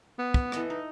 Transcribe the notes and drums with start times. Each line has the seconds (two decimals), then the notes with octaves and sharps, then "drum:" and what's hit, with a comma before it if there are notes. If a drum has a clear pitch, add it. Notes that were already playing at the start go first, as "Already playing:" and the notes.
0.19 B3
0.34 drum: kick
0.52 E3 A4 D#5, drum: rim click
0.70 D#4